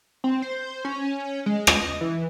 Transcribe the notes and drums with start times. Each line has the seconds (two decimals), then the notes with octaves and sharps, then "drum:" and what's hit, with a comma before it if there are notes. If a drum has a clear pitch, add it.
0.24 C4
0.42 C5
0.85 C#4
1.46 G#3
1.67 drum: rim click
1.76 D#5
2.01 E3